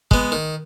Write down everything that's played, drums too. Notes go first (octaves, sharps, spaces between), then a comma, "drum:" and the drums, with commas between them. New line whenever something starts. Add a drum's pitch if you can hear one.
G#3 B3, drum: kick
D#3